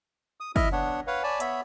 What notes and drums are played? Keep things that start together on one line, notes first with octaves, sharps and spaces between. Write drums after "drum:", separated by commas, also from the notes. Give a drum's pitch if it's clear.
D#6
E4 D#5 E5 F6, drum: kick, open hi-hat
B3 D4 C#5 F#5
B4 C#5 F5 F#5
C#5 D5 G#5 A5 B5
B3 C#5 E5 B5, drum: hi-hat